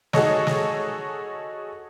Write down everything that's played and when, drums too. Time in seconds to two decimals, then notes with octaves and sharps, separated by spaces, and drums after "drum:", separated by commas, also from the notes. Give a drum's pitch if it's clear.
0.13 D#4 F#4 G#4 A4 C#5 D#5, drum: snare
0.47 drum: snare